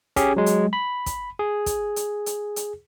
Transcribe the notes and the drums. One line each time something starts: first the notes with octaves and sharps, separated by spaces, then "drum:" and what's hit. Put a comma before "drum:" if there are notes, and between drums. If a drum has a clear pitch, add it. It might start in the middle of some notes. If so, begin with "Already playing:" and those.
C#4 G4 G#4, drum: kick, hi-hat
F#3 G#3
drum: hi-hat
B5
drum: kick, hi-hat
G#4
drum: kick, hi-hat
drum: hi-hat
drum: hi-hat
drum: hi-hat